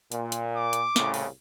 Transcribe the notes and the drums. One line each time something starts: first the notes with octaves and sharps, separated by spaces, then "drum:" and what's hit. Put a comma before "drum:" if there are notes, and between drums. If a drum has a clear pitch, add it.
A#2, drum: hi-hat
drum: hi-hat
D6
drum: hi-hat
C2 A2 C#3, drum: snare
drum: open hi-hat